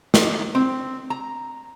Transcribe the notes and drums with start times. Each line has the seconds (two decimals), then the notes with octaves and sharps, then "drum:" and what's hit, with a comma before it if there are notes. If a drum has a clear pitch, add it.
0.14 D#4, drum: snare
0.55 C4
1.10 A#5